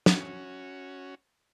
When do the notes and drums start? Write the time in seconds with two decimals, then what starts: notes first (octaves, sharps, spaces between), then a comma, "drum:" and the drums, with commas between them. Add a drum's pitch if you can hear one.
0.06 C#4 F#4, drum: snare